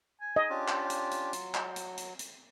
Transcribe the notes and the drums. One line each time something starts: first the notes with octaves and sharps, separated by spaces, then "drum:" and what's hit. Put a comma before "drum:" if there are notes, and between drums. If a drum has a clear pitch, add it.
G#5
D#5
C#4 D4 F4 G4
drum: clap
drum: hi-hat
drum: hi-hat
F#3, drum: hi-hat
drum: clap
drum: hi-hat
drum: hi-hat
drum: hi-hat